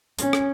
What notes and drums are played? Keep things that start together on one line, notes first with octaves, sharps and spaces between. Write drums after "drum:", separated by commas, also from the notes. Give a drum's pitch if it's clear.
C#4, drum: hi-hat
drum: rim click